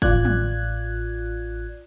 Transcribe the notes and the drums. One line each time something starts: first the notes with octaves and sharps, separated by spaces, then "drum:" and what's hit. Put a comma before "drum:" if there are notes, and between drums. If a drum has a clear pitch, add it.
A1 F4 D5 F#6 G#6, drum: kick
drum: tom